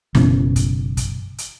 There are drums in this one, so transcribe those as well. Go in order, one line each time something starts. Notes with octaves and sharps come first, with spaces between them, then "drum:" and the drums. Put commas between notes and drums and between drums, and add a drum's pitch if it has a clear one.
F#1 B2 E3 C#4, drum: snare
drum: kick, hi-hat
drum: kick, hi-hat
drum: hi-hat